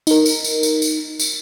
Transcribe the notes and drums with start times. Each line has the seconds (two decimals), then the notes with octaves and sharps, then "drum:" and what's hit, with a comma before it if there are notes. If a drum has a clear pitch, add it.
0.07 D#4 A#4, drum: tambourine
0.26 drum: tambourine
0.44 drum: tambourine
0.63 drum: tambourine
0.82 drum: tambourine
1.19 drum: tambourine